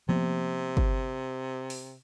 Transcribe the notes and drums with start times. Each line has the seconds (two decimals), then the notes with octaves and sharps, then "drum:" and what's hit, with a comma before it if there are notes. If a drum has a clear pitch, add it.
0.09 C3 F3 A#3 B3
0.77 drum: kick G1
1.70 drum: open hi-hat